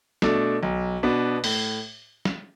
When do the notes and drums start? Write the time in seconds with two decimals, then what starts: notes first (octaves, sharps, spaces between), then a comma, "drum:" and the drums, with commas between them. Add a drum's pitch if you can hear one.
0.22 B2 A3 D4, drum: snare
0.63 B1
1.03 B2 B3 D4
1.44 A2, drum: open hi-hat
2.25 drum: snare